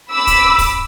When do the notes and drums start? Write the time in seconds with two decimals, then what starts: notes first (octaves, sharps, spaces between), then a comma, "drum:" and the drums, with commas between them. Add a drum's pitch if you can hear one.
0.12 B5 D6 E6 B6
0.27 drum: kick, hi-hat
0.58 drum: kick, open hi-hat